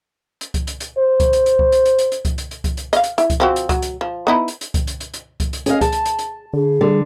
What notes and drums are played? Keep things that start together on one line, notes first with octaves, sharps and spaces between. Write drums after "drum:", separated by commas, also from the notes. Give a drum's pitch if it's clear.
drum: hi-hat
drum: kick C#2, hi-hat
drum: hi-hat
drum: hi-hat
C5
drum: kick C#2, hi-hat
drum: hi-hat
drum: hi-hat
drum: kick C#2
drum: hi-hat
drum: hi-hat
drum: hi-hat
drum: hi-hat
drum: kick C#2, hi-hat
drum: hi-hat
drum: hi-hat
drum: kick C#2, hi-hat
drum: hi-hat
D#5 F5, drum: hi-hat
drum: hi-hat
E4, drum: hi-hat
drum: kick C#2, hi-hat
F3 C4 F#4
drum: hi-hat
F#3, drum: kick C#2, hi-hat
drum: hi-hat
F3
B3 D#4 E4
drum: hi-hat
drum: hi-hat
drum: kick C#2, hi-hat
drum: hi-hat
drum: hi-hat
drum: hi-hat
drum: kick C#2, hi-hat
drum: hi-hat
C#4 G#4 D#5 F5, drum: hi-hat
G#4 A5, drum: kick C#2, hi-hat
drum: hi-hat
drum: hi-hat
drum: hi-hat
D3 G#4
D3 G3